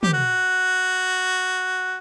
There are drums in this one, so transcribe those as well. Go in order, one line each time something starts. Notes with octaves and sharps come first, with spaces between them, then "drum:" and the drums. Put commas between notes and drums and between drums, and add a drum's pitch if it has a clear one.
G4, drum: tom
F#4